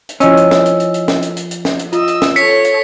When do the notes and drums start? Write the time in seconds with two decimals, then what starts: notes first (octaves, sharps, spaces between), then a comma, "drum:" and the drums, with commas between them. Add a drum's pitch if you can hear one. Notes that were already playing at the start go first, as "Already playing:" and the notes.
0.09 drum: hi-hat
0.20 F3 C#4 E4 D#5 E6, drum: hi-hat
0.37 drum: hi-hat
0.51 drum: snare
0.66 drum: hi-hat
0.80 drum: hi-hat
0.94 drum: hi-hat
1.08 drum: snare
1.22 drum: hi-hat
1.37 drum: hi-hat
1.51 drum: hi-hat
1.65 drum: snare
1.79 drum: hi-hat
1.93 F4 D#5 E6, drum: hi-hat
2.08 drum: hi-hat
2.22 drum: snare
2.36 A4 C#5 B6 C#7, drum: hi-hat
2.64 drum: hi-hat